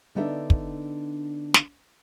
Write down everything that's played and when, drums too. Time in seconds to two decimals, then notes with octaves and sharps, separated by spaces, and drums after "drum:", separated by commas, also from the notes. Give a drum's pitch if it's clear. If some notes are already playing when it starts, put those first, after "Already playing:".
0.15 D3 B3 D4 D#4 A4 E5
0.50 drum: kick
1.54 drum: snare